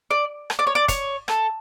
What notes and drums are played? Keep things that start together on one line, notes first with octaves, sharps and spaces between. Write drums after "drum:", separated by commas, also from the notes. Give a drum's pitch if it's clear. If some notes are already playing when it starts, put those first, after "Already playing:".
D5
drum: rim click
D5
C#5
D5
C#5, drum: kick, hi-hat
A4, drum: rim click